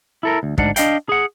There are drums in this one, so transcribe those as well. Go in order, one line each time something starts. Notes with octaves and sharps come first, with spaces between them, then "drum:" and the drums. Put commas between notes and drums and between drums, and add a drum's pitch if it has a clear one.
E4 A4 A#4
D2
D2 G#2 D4 F#5, drum: kick
D4 D#5 F5 G5, drum: hi-hat
G#4 F#5